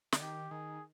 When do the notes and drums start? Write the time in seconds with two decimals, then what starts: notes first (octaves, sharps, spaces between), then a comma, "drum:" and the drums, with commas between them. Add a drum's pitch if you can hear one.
0.12 D3, drum: snare
0.21 D#3 G4
0.51 D#3 G#4